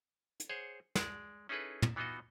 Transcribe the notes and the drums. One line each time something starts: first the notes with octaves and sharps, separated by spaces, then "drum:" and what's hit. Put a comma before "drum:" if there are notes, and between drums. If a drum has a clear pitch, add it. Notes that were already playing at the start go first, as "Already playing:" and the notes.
drum: hi-hat
G#4 C5 C#5 F#5
G#3 D5, drum: snare
C#4 D#4 E4 G#4 A4 B4
drum: tom
E3 B3 D#4 F4 F#4 D#5